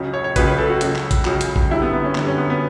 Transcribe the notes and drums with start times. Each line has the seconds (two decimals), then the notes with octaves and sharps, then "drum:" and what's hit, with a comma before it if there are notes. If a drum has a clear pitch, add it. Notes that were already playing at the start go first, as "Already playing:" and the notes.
Already playing: C#2 C#3 F#3
0.14 C#5
0.24 C#5
0.36 C#2 C#3 F#3 B4, drum: kick, hi-hat
0.47 B4
0.58 A4
0.70 F#4
0.81 C#2 C#3 F#3, drum: hi-hat
0.96 drum: clap
1.11 drum: kick, hi-hat
1.25 C#2 C#3 F#3, drum: clap
1.41 drum: hi-hat
1.56 drum: kick
1.70 F#2 D3 G3 E4
1.82 B3
1.93 B3
2.04 C#4
2.15 F#2 D3 G3 B3, drum: clap
2.27 C#4
2.38 B3
2.50 B3